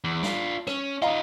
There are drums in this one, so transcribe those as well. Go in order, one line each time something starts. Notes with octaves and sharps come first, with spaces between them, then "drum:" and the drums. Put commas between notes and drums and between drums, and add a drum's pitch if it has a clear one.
E2
D4 F4, drum: snare
C#4, drum: rim click
D#4 F4 D#5 F5 A#5